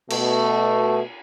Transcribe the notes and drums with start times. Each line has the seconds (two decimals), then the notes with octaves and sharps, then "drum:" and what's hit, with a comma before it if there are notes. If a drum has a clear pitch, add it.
0.10 B2 A3, drum: cymbal